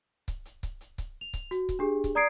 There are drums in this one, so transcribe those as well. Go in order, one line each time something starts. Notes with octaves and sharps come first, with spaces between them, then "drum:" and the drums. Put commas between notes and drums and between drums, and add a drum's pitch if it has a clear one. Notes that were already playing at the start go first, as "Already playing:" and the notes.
drum: kick C#1, hi-hat
drum: hi-hat
drum: kick C#1, hi-hat
drum: hi-hat
drum: kick C#1, hi-hat
F7
drum: kick C#1, hi-hat
F#4, drum: hi-hat
drum: kick C#1, hi-hat
D4 G4 G#4
drum: kick C#1, hi-hat
D5 A#5 D#6 G#6 C7 D7